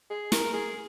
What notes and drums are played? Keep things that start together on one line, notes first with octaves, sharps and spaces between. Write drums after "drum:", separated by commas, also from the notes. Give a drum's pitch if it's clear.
G#4
A#4, drum: snare
G#4